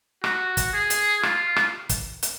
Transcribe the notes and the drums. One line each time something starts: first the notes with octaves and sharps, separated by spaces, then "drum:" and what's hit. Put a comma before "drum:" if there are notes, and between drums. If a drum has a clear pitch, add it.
F#4, drum: rim click
drum: kick, hi-hat
G#4
drum: hi-hat
F4, drum: rim click
drum: rim click
drum: kick, hi-hat
drum: hi-hat